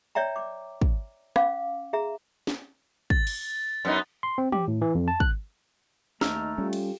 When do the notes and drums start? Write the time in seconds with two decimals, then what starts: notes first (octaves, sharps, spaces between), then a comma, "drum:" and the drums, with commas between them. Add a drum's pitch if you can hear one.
0.15 C#5 D5 E5 G5 A#5
0.36 D6
0.82 drum: kick
1.36 C#4 F5 D6, drum: rim click
1.93 G#4 E5 A#5
2.47 drum: snare
3.10 A6, drum: kick
3.27 drum: cymbal
3.85 F#2 B3 D#4
4.23 C6
4.38 C4
4.52 G4, drum: tom
4.68 A2
4.82 E3
4.95 F2
5.08 A5
5.20 F#6, drum: kick
6.21 D#2 A3 D#4 A#5 E6 F6, drum: snare
6.58 G3 C#4 F4 G4 A4
6.73 drum: cymbal